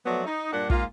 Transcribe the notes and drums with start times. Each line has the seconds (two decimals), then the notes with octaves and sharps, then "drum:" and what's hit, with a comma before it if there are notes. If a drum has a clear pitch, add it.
0.05 F3 F#3 A3 B3 D5
0.25 D#4
0.53 G2 A#2 D4 F#5
0.70 G#2 A#3 F4, drum: kick